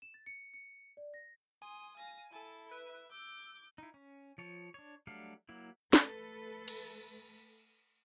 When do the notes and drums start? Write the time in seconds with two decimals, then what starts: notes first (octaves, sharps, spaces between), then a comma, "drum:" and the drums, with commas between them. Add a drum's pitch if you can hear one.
0.02 E7
0.14 A6
0.26 C#7
0.54 C#7
0.97 D5
1.14 A#6
1.62 G#5 C6 D#6
1.96 F5 A#6
2.32 E4 A4 A5
2.71 B4 E5
3.12 D6 E6 G6
3.78 D#4 E4
3.94 C#4
4.38 F3 C#5 A5
4.74 D4 C#5
5.07 F#3 G3 A3 D4 F5
5.49 F#3 A#3 E4
5.93 A3 A4 B4, drum: snare
6.68 drum: cymbal